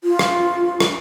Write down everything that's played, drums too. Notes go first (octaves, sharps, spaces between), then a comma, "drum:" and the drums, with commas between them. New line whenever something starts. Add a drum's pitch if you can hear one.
F4
drum: rim click
drum: rim click